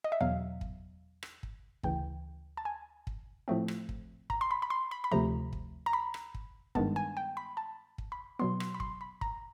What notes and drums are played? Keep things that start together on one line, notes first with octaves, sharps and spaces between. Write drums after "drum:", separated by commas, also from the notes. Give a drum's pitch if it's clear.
D#5
E5
E2 B2 F#3 F5
drum: kick
drum: rim click
drum: kick
D2 C#3 E3 G5, drum: kick
A5
G#5
drum: kick
A2 F3 A3 C4
drum: rim click
drum: kick
A#5, drum: kick
C6
B5
B5
C6
B5
B5
D2 C3 F3 A3 A#5
drum: kick
A#5
B5
drum: rim click
drum: kick
G2 D#3 G#3 B3 A5, drum: kick
G#5
G5
B5
A5
drum: kick
B5
B2 F#3 B3 C6
C6, drum: rim click
B5
C6, drum: kick
B5
A#5, drum: kick